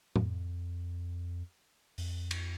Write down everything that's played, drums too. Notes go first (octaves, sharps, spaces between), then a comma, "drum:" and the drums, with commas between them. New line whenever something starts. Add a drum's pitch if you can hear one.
F2, drum: tom
F2, drum: open hi-hat
drum: cymbal